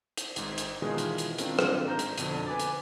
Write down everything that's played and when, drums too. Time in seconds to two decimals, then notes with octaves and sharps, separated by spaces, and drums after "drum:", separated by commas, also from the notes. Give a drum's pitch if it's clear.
0.17 drum: hi-hat
0.36 G#1 G#2, drum: hi-hat
0.58 drum: hi-hat
0.82 B2 D#3 E3 G#3 F4 G#4
0.98 drum: hi-hat
1.18 drum: hi-hat
1.38 D#3 C4 D4 F4, drum: hi-hat
1.59 drum: rim click
1.86 G#2 A#5 G6
1.99 drum: hi-hat
2.18 F2 B2 D3 D#7, drum: hi-hat
2.47 B4 G#5 D6 A6
2.59 drum: hi-hat